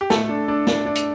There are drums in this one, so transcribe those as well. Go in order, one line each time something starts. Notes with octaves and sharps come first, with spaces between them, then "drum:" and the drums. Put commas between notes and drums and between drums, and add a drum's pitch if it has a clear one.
G4
A3 A4, drum: snare
D4
D4
D4, drum: snare
D4
drum: hi-hat